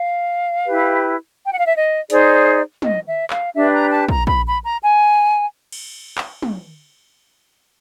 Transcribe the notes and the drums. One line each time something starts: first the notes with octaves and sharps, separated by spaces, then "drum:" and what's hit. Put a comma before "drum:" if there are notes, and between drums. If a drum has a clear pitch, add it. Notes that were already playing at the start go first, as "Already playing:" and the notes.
Already playing: F5
E4 G4 B4
G5
F#5
F5
E5
D#5
D#4 G#4 C5 D5, drum: hi-hat
D#5, drum: tom
E5
F5, drum: clap
D4 G4 B4 E5
A#5
A5
A#5, drum: kick
B5, drum: kick
B5
A#5
G#5
drum: cymbal
drum: clap
drum: tom